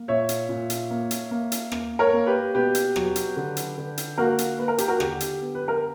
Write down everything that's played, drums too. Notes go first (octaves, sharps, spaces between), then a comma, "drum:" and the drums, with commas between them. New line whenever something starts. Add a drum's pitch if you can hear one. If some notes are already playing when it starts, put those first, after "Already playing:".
Already playing: A#3
A#2 C#5 E5
drum: hi-hat
A#2
drum: hi-hat
A#3
drum: hi-hat
A#3
drum: hi-hat
A#3, drum: rim click
A#4 C#5
A#3
G4 B4
B2 G4 B4
drum: hi-hat
F#3, drum: rim click
drum: hi-hat
D3
drum: hi-hat
D3
drum: hi-hat
A#3 F#4 A#4
drum: hi-hat
A#3 B4
A#4
G4, drum: hi-hat
F#4 A#4
D3 G4, drum: rim click
drum: hi-hat
B3
B4
A#4